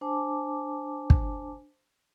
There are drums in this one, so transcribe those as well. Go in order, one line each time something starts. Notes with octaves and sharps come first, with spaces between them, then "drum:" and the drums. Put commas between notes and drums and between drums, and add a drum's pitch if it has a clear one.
D4 C5 G#5 A5 D6
drum: kick